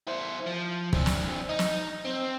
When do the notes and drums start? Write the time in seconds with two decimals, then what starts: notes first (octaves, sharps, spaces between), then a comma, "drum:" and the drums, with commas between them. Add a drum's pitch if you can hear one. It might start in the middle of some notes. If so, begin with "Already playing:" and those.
0.07 E4 C5
0.46 F3
0.93 C4 D4, drum: kick
1.06 drum: snare
1.49 D#4
1.59 drum: snare
2.05 C4